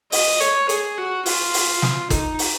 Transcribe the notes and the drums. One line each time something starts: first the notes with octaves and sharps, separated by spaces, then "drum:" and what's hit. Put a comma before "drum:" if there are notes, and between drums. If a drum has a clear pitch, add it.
D#5, drum: open hi-hat
C#5, drum: hi-hat
G#4, drum: hi-hat
F#4
F4, drum: open hi-hat
drum: open hi-hat
drum: snare
D#4, drum: kick, hi-hat
drum: open hi-hat